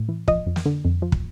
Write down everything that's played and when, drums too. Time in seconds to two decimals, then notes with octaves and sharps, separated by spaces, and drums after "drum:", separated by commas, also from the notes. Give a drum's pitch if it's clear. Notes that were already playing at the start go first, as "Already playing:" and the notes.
Already playing: A2
0.09 E3
0.28 F3 D#5, drum: kick
0.46 F2
0.56 drum: snare
0.66 D3
0.85 F2
1.02 F3
1.12 drum: kick